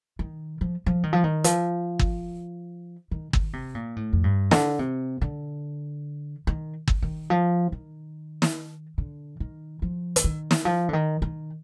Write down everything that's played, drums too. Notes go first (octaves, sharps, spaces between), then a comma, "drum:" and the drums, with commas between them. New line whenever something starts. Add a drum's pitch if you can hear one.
D#3
F3
F3
D#3
F3
D#3
F3, drum: hi-hat
drum: kick
D#3
D#3, drum: kick
C3
A#2
A2
F2
G2
D3, drum: snare
C3
D3
D#3
drum: kick
D#3
F3
D#3
drum: snare
D3
D#3
F3
D3, drum: hi-hat
D#3
drum: snare
F3
D3
D#3
D#3